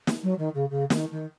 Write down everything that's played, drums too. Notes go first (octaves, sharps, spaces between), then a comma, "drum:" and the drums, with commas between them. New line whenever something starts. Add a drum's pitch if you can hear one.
drum: snare
F#3
D#3
C#3
C#3
D#3, drum: snare
D#3